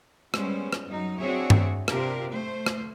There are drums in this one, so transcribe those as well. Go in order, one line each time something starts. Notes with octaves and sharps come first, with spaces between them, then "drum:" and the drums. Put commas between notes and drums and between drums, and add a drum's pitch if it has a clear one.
G3 G#3 B3 C#4 C5, drum: rim click
drum: rim click
F#2 F#3 D#4
C4 D4 F#4 G#4 C#5 E5
drum: tom G2
C3 C4 D4 F4 G4 A#4, drum: rim click
A3 C5
drum: rim click